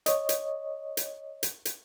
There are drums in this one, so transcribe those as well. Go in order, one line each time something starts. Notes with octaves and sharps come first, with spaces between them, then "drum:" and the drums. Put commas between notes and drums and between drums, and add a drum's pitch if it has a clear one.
C#5 D#5, drum: hi-hat
drum: hi-hat
drum: hi-hat
drum: hi-hat
drum: hi-hat